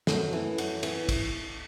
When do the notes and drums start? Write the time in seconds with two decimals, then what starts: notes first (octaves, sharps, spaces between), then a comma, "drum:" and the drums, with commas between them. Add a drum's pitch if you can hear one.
0.07 F#2 A3, drum: snare
0.33 E3
0.58 F#2, drum: cymbal
0.83 E3, drum: cymbal
1.09 drum: kick, cymbal